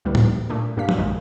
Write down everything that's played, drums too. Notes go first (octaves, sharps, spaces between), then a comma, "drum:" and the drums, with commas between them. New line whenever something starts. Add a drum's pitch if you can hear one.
D2 A2 G3 B4
drum: tom A2
A#2 A3 D4
G2 A#3 D4 F5 B6
drum: tom F3
A#1 F#2 D#3 G#3